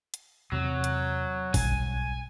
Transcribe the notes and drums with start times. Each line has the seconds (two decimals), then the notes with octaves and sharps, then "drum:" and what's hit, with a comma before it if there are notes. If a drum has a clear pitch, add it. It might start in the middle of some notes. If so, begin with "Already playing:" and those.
0.14 drum: hi-hat
0.52 E2 C3 F#3 C4
0.84 drum: hi-hat
1.54 B1 G3 G#5, drum: kick, open hi-hat